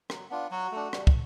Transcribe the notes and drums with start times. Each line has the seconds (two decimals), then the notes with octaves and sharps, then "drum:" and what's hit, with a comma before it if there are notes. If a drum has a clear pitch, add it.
0.10 F#3, drum: rim click
0.30 B3 D4 F4
0.51 F#3 F#4
0.72 A3 D4
0.93 G3, drum: rim click
1.07 drum: kick